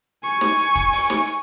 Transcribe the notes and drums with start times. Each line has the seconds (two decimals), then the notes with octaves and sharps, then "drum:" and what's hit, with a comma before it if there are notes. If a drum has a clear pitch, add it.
0.24 G#5 C#6
0.41 drum: snare
0.58 drum: hi-hat
0.75 drum: kick, hi-hat
0.93 drum: open hi-hat
1.10 drum: snare
1.27 drum: hi-hat